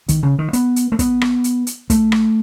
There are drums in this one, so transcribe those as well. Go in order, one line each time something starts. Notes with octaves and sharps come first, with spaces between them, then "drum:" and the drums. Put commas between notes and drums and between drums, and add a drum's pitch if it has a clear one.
D#3, drum: kick, hi-hat
C#3
D#3
B3, drum: hi-hat
drum: hi-hat
A3
B3, drum: kick, hi-hat
drum: rim click
drum: hi-hat
drum: hi-hat
A3, drum: kick, hi-hat
drum: rim click